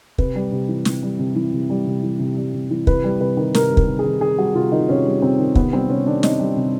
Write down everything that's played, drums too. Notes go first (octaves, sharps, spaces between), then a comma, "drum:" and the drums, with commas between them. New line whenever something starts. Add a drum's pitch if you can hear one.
C3 B4, drum: kick
G3
C3
E3
C3, drum: snare
G3
C3
E3
C3
G3
C3
E3
C3
G3
C3
E3
C3 B4, drum: kick
G3
C3 B4
D#3
C3 A#4, drum: snare
G3
A#4, drum: kick
C3
G#4
D#3
C3 G#4
G3 F#4
C3 F4
D#3 D#4
C3 C#4
G3
C3 C4
D#3
C3 B3, drum: kick
G3 C4
C3 C#4
D#3 D4
C3 D#4, drum: snare
G3
C3